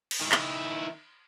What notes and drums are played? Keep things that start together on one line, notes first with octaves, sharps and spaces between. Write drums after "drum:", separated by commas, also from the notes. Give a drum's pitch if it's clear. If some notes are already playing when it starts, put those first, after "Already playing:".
drum: cymbal
D#3 E4
drum: clap